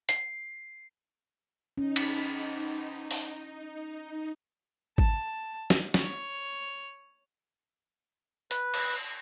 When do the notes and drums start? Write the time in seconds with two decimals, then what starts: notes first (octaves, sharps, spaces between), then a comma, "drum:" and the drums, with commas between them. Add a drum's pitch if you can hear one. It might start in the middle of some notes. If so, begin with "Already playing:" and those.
0.09 C7, drum: hi-hat
1.78 C#4 D#4
1.96 drum: cymbal
3.11 drum: open hi-hat
4.98 A5, drum: kick G#1
5.70 drum: snare
5.94 C#5, drum: snare
8.51 B4, drum: hi-hat
8.74 drum: cymbal